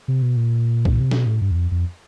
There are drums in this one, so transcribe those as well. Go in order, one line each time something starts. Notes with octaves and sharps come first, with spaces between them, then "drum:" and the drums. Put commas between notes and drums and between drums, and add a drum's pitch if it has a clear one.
C3
B2
A#2
drum: kick
C3
B2, drum: snare
A2
G2
E2
F2
F2